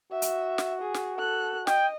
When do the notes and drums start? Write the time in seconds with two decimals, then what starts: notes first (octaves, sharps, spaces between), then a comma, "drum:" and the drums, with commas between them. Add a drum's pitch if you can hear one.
0.12 F#4 E5
0.22 drum: hi-hat
0.58 drum: snare
0.81 G#4
0.94 drum: snare
1.18 A4 F#6
1.67 D#5 G5, drum: snare